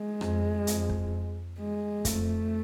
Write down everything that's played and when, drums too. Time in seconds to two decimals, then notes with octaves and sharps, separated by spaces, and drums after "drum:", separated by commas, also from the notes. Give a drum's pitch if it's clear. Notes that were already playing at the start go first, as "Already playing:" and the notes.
Already playing: G#3
0.21 F2, drum: rim click
0.67 F2, drum: hi-hat
0.89 drum: kick
1.59 G#3
2.05 F2 A3, drum: kick, hi-hat